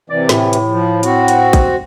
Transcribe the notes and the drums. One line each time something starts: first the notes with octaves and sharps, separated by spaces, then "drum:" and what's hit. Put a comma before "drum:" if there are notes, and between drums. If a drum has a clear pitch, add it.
C3 E3 D5
A2, drum: snare
drum: hi-hat
F3
C4 F#4, drum: hi-hat
drum: hi-hat
drum: kick, hi-hat